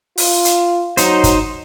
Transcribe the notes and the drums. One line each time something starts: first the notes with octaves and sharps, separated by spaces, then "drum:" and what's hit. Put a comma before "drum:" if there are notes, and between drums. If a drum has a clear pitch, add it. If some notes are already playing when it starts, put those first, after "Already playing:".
F4, drum: open hi-hat
drum: hi-hat
F#3 D#4 C5, drum: hi-hat
drum: kick, hi-hat